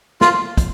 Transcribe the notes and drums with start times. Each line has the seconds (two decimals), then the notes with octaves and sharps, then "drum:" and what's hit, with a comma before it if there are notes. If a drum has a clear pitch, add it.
0.21 F4, drum: snare
0.57 drum: kick, hi-hat